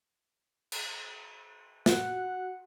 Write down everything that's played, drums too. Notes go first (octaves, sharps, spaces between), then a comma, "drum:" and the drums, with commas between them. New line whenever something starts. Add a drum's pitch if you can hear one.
drum: cymbal
F#4 F#5, drum: snare